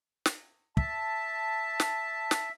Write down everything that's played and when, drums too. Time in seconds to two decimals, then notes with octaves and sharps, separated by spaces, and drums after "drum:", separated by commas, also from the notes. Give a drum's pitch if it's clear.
0.26 drum: snare
0.77 E5 A5, drum: kick
1.80 drum: snare
2.31 drum: snare